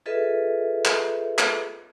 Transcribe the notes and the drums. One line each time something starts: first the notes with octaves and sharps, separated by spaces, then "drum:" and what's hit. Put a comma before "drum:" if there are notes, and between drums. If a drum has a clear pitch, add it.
F4 G#4 A4 B4 D#5 E5
drum: clap
drum: clap